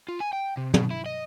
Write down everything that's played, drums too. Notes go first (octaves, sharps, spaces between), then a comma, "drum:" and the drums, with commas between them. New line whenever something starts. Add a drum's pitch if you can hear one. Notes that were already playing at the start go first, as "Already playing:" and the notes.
F4
G#5
G5
C3
B2, drum: tom
E4
D#5